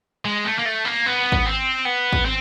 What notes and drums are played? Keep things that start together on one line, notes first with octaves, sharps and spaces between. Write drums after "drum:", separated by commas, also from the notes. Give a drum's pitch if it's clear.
G#3
A3
A#3
A3
A#3
B3
drum: kick
C4
B3
drum: kick
C4